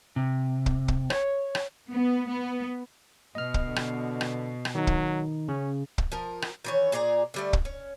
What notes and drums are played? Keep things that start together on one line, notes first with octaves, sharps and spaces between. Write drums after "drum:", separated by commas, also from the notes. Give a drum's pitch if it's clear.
C3
drum: kick
drum: kick
C#5, drum: rim click
drum: rim click
B3
B3
B2 D#5 F6
drum: kick
D3
drum: rim click
drum: rim click
drum: rim click
D#3 F#3 D#4
drum: kick
C#3 C#4
drum: kick
F3 A#4
drum: rim click
D#3 E3 C#5
A#2 G#4 D5 A#5
D3 G3 A3
drum: kick
C#4